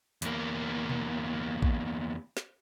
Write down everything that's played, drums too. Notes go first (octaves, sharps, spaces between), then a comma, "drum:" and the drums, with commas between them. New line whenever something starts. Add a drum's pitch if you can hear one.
E2 A#3, drum: hi-hat
drum: tom B2
drum: kick
drum: snare